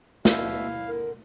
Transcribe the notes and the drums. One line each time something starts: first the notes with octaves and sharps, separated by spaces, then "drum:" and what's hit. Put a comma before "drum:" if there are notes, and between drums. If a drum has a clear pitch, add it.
F2 B2 E4 E5 F5, drum: snare
D3 A#4